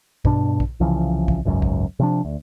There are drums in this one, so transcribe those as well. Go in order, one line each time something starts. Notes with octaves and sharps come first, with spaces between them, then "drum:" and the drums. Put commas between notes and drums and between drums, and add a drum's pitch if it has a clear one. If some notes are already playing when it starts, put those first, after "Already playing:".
G2 B2 D4, drum: kick
drum: kick
C2 C#3 E3 F3
drum: kick
G#1 C#2 F#2
drum: kick
C3 F3 D4
D2